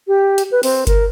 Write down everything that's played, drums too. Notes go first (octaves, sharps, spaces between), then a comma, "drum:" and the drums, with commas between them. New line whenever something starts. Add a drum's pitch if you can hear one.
G4
drum: hi-hat
B4
C4, drum: open hi-hat
A#4, drum: kick G1, hi-hat